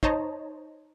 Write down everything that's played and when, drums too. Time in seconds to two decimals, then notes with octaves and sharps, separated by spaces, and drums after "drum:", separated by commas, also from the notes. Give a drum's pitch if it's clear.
0.03 D#4 C5 C#5 D#5 A5 A#5, drum: kick